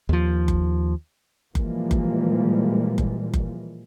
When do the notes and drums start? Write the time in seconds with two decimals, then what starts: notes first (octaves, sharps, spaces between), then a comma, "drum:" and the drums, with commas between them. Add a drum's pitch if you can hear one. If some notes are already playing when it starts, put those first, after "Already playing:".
0.09 D#2 F3
0.48 drum: kick F#1
1.55 A#2 E3 F3 G3 G#3 A#3, drum: kick F#1
1.91 drum: kick F#1
2.98 drum: kick F#1
3.34 drum: kick F#1